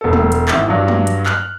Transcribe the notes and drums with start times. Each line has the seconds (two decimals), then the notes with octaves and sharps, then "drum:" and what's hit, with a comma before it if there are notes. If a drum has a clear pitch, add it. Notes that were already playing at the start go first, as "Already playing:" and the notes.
0.01 E1 A4
0.13 drum: tom
0.32 drum: hi-hat
0.48 G#1 E4 A6, drum: clap
0.68 G2 F#3 D4
0.88 drum: tom
1.07 drum: hi-hat
1.26 F6 F#6, drum: clap